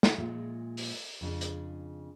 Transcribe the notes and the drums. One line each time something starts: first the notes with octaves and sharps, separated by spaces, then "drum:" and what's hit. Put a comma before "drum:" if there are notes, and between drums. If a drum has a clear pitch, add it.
drum: snare
A#2 F3 G#3 E5
drum: open hi-hat
F2 C#3 D4
drum: hi-hat